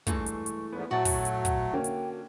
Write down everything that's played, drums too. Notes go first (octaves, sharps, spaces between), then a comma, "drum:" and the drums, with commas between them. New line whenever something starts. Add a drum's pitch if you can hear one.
G2 E3 G#3 A3 C#6, drum: kick, hi-hat
drum: hi-hat
drum: hi-hat
E2 G#2 B3
A#2 F#3 A3 F#4 C#6 A6
drum: kick, open hi-hat
drum: hi-hat
drum: kick, hi-hat
D3 A#3 C#4 G5
drum: hi-hat